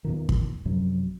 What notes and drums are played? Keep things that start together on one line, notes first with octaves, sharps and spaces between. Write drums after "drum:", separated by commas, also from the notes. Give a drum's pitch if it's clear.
E2 A#2 D#3
drum: kick
A#1 F#2 C3 F#3